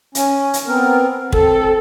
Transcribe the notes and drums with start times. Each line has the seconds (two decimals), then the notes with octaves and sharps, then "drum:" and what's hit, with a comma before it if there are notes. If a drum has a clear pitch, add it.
0.15 C#4, drum: hi-hat
0.54 drum: hi-hat
0.67 B3 C4 A#4
1.32 C4 A4, drum: kick